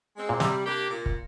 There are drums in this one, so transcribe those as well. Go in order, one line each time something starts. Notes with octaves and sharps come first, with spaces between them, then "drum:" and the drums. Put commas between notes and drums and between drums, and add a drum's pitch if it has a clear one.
G#3 C4
A#2
C3 G3, drum: snare
A#3 D4 G4
A#2
drum: kick